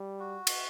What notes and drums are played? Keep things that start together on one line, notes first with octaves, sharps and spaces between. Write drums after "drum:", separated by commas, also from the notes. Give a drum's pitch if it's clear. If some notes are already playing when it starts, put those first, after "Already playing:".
Already playing: G3
F#4
drum: cymbal